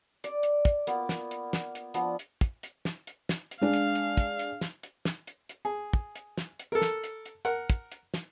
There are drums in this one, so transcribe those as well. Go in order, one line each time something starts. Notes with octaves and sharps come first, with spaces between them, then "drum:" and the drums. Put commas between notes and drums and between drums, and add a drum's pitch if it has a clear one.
D5, drum: hi-hat
drum: hi-hat
drum: kick, hi-hat
A#3 B3 F4, drum: hi-hat
drum: snare
drum: hi-hat
drum: snare
drum: hi-hat
F3 B3 D4, drum: hi-hat
drum: hi-hat
drum: kick, hi-hat
drum: hi-hat
drum: snare
drum: hi-hat
drum: snare
drum: hi-hat
G#3 D4 F5
drum: hi-hat
drum: hi-hat
drum: kick, hi-hat
drum: hi-hat
drum: snare
drum: hi-hat
drum: snare
drum: hi-hat
drum: hi-hat
G#4
drum: kick
drum: hi-hat
drum: snare
drum: hi-hat
A4 A#4
drum: snare
drum: hi-hat
drum: hi-hat
A#4 F#5, drum: hi-hat
drum: kick, hi-hat
drum: hi-hat
drum: snare